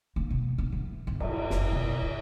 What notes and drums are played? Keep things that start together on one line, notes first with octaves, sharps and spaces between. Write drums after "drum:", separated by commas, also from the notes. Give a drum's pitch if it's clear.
A#3
B2
B3
E3
G1
G2, drum: cymbal
F#1, drum: snare
B2
C#3